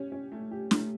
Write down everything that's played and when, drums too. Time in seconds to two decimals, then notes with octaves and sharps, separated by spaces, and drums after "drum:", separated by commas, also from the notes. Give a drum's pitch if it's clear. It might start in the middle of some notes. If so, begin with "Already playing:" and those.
Already playing: C#4 G4
0.12 C#4
0.32 A3
0.51 G4
0.71 A3, drum: snare